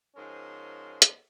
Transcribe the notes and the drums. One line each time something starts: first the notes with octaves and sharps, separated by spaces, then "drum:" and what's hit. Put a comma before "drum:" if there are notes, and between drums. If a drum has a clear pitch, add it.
G#2 F3 C#4 A#4 C6
drum: hi-hat